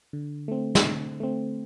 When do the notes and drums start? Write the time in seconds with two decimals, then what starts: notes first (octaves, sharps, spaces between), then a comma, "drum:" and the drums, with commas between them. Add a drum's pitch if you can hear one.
0.13 D3
0.48 A3 C4
0.75 drum: snare
0.84 D3
1.20 A3 C4